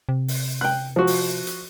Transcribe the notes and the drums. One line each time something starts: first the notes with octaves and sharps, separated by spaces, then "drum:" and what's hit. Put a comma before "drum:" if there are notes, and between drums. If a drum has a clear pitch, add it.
C3
drum: open hi-hat
G5 F#6
F3 F#4
drum: open hi-hat
drum: hi-hat